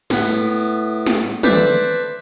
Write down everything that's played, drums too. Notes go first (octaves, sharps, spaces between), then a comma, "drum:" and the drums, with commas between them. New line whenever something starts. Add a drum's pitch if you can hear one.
A2 B3, drum: snare
drum: snare
A4 B4 C5 D5 E5, drum: tom